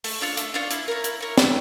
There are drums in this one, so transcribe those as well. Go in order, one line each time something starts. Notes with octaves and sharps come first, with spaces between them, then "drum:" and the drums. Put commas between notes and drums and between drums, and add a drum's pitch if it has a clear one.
A3, drum: open hi-hat
D4 F4 C#5
A3, drum: hi-hat
D4 F4 C#5
E4, drum: hi-hat
A#4 C#5
E4, drum: hi-hat
A#4 C#5
A3, drum: snare